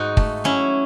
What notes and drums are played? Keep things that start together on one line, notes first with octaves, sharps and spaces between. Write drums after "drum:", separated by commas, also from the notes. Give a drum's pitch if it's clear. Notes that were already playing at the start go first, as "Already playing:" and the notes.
Already playing: G#2 D#4 F#4
A3, drum: kick
F#3 C#4 E4